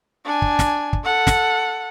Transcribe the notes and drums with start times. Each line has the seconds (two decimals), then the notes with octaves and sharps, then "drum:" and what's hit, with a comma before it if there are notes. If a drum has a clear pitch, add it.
0.25 D4 G#5
0.42 drum: kick
0.59 drum: snare
0.93 drum: kick
1.04 A4 F#5
1.27 drum: snare